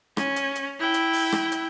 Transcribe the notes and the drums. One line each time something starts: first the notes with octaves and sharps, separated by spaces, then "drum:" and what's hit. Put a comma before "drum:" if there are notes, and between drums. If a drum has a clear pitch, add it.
C#4, drum: rim click
drum: hi-hat
drum: hi-hat
E4 G5
drum: hi-hat
drum: open hi-hat
drum: rim click
drum: hi-hat